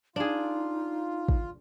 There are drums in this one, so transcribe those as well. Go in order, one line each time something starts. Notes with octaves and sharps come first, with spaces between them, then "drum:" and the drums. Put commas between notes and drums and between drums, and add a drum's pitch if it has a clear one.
D4 D#4 F4 G#4
drum: kick